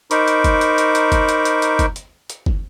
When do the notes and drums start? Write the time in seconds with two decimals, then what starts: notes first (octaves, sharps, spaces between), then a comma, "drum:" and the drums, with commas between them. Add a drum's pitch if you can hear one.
0.11 D#4 A#4 C5 B5 C#6 D6, drum: hi-hat
0.28 drum: hi-hat
0.44 drum: kick, hi-hat
0.61 drum: hi-hat
0.78 drum: hi-hat
0.95 drum: hi-hat
1.12 drum: kick, hi-hat
1.29 drum: hi-hat
1.45 drum: hi-hat
1.62 drum: hi-hat
1.79 drum: kick, hi-hat
1.96 drum: hi-hat
2.30 drum: hi-hat
2.46 drum: kick